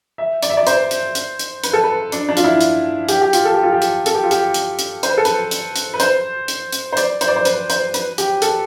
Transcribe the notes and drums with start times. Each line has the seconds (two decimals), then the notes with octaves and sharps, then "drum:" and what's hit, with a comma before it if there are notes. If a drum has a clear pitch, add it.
0.18 E5
0.43 D5, drum: hi-hat
0.50 E5
0.57 D5
0.67 C5, drum: hi-hat
0.91 drum: hi-hat
1.15 drum: hi-hat
1.39 drum: hi-hat
1.64 B4, drum: hi-hat
1.73 A4
1.83 B4
2.12 D4, drum: hi-hat
2.29 D4
2.37 F4, drum: hi-hat
2.44 E4
2.61 drum: hi-hat
3.09 G4, drum: hi-hat
3.21 G4
3.33 F4, drum: hi-hat
3.45 A4
3.54 G4
3.63 F4
3.72 G4
3.82 drum: hi-hat
4.06 A4, drum: hi-hat
4.15 G4
4.23 F4
4.31 G4, drum: hi-hat
4.54 drum: hi-hat
4.79 drum: hi-hat
5.03 C5, drum: hi-hat
5.10 B4
5.18 A4
5.25 B4, drum: hi-hat
5.51 drum: hi-hat
5.76 drum: hi-hat
5.94 B4
6.00 C5, drum: hi-hat
6.48 drum: hi-hat
6.72 drum: hi-hat
6.93 C5
6.97 D5, drum: hi-hat
7.21 C5, drum: hi-hat
7.28 D5
7.36 C5
7.45 B4, drum: hi-hat
7.70 C5, drum: hi-hat
7.94 B4, drum: hi-hat
8.18 G4, drum: hi-hat
8.42 A4, drum: hi-hat